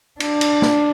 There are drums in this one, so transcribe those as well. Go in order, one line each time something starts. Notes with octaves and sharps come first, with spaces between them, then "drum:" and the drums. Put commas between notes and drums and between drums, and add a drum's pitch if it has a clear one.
D4, drum: cymbal
drum: cymbal
drum: snare